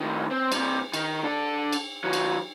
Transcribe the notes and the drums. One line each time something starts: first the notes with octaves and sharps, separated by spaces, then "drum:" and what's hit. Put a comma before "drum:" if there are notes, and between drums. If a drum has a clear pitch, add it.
A2 D#3
C4
G2 C3, drum: cymbal
D#3, drum: cymbal
D4 A4
drum: cymbal
D#3 F#3
drum: cymbal